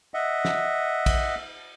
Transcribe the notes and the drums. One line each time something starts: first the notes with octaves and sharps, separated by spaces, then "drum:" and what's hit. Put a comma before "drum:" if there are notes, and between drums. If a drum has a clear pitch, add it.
D#5 E5 F#5
drum: snare
drum: kick, cymbal